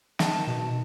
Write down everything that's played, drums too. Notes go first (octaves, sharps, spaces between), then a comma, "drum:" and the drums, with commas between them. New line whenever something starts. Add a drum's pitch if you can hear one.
D#3 A5, drum: snare
B2